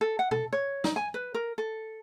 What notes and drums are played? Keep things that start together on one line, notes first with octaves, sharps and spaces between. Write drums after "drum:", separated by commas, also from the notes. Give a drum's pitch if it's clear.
A4
F#5
A4, drum: tom B2
C#5
D#4, drum: snare
G#5
B4
A#4
A4